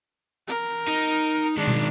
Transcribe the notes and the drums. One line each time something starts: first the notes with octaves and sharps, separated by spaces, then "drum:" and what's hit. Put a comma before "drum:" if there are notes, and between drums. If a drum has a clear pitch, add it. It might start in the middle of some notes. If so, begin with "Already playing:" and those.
A#4
D#4
D#3 G#3 D4
drum: tom B2